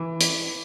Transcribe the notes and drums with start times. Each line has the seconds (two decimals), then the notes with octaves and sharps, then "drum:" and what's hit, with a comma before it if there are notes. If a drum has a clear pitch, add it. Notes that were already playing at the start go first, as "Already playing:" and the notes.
Already playing: E3
0.20 drum: hi-hat